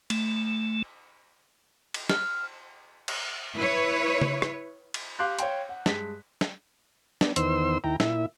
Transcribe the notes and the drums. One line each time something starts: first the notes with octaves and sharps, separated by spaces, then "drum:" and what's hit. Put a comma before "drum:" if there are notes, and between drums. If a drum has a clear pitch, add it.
A3, drum: cymbal
drum: cymbal
F6, drum: snare
drum: cymbal
E4 B4 C#5
drum: tom C#3
drum: rim click
drum: cymbal
G4 F5 C6 D6 F#6 G6
C#5 F5 G5 C6, drum: hi-hat
F#5
G2 G#3 B6, drum: snare
drum: snare
B3 D4, drum: snare
E2 D#3 B3 C5 C6 E6, drum: hi-hat
D#2 E4 G5 A#5
A#2 E4 E5, drum: snare